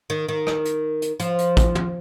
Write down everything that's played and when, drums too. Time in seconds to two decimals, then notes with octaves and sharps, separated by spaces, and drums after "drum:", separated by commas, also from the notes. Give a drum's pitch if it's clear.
0.10 D#3
0.28 D#3
0.47 drum: rim click
0.65 drum: hi-hat
1.02 drum: hi-hat
1.20 F3, drum: hi-hat
1.39 drum: hi-hat
1.57 drum: kick, hi-hat
1.75 drum: tom